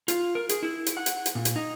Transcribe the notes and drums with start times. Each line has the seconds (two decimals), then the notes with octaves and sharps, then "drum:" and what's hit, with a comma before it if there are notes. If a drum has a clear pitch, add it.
0.08 F4, drum: hi-hat
0.35 A#4
0.49 G#4, drum: hi-hat
0.63 E4
0.86 drum: hi-hat
0.97 F#5
1.06 drum: hi-hat
1.26 drum: hi-hat
1.35 A#2
1.45 drum: hi-hat
1.56 D#4